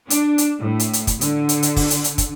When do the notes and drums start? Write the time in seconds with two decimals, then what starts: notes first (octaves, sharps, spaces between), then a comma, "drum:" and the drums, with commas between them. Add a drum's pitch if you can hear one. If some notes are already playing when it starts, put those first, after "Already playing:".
0.10 D4, drum: hi-hat
0.38 drum: hi-hat
0.60 A2
0.80 drum: hi-hat
0.93 drum: hi-hat
1.07 drum: kick, hi-hat
1.21 D3, drum: hi-hat
1.49 drum: hi-hat
1.63 drum: hi-hat
1.76 drum: kick, open hi-hat
1.90 drum: hi-hat
2.04 drum: hi-hat
2.18 drum: kick, hi-hat